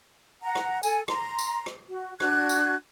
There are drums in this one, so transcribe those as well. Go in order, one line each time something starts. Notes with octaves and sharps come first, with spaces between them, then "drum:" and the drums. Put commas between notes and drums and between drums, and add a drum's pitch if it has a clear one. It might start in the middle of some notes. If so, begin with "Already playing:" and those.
F#5 A#5
drum: rim click
A4 G#5, drum: tambourine
A#5 C6, drum: rim click
drum: tambourine
drum: rim click
F#4
D4 F#4 F#6 G#6, drum: rim click
drum: tambourine